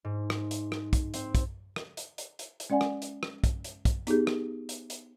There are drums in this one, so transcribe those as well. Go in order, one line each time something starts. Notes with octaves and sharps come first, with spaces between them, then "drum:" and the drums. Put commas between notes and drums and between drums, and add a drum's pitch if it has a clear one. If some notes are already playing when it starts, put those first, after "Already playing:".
G#2
drum: rim click
drum: hi-hat
drum: rim click
drum: kick, hi-hat
C4, drum: hi-hat
drum: kick, hi-hat
drum: rim click
drum: hi-hat
drum: hi-hat
drum: hi-hat
drum: hi-hat
G#3 C#4 D5 F#5 G#5
drum: rim click
drum: hi-hat
drum: rim click
drum: kick, hi-hat
drum: hi-hat
drum: kick, hi-hat
B3 D#4 G4 G#4, drum: hi-hat
drum: rim click
drum: hi-hat
drum: hi-hat